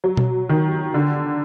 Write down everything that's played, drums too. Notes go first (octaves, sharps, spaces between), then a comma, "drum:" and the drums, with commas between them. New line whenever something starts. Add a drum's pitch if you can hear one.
F#3
drum: tom B2
D#3
D3